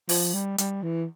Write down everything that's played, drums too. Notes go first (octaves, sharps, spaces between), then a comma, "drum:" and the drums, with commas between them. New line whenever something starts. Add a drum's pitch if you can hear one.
F3, drum: open hi-hat
G3
G3, drum: hi-hat
E3